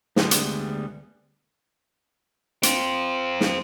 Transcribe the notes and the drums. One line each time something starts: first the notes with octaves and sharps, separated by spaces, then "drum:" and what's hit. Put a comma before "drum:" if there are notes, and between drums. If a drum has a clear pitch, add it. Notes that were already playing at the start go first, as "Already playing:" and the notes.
D2 G3 G#3 B3, drum: snare
drum: hi-hat
C4 F4, drum: hi-hat
drum: snare